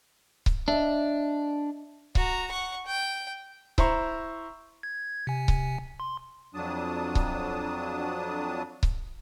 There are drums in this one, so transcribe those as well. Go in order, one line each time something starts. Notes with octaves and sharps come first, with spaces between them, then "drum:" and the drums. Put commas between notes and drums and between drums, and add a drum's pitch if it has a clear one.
drum: kick C#1
D4 D#5 E5
F#4 A#5, drum: kick C#1
F#5 C#6
G5
E4 C5 A#5 C#6, drum: kick C#1
G#6
C3 G#5
drum: kick C#1
C6
F2 F#3 D4 A5 D#6
drum: kick C#1
drum: kick C#1